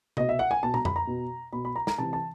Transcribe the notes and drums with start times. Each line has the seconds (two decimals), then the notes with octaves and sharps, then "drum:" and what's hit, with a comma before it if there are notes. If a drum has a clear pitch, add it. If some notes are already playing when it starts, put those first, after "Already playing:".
0.17 B2 D#5, drum: tom C3
0.29 E5
0.39 F#5
0.51 G#5
0.63 B2 A5
0.74 A#5, drum: tom
0.85 B5, drum: tom F2
0.96 A#5
1.07 B2
1.53 B2 B5
1.65 B5
1.76 A#5
1.87 A#5, drum: snare
1.98 C3 E3 A5
2.13 A5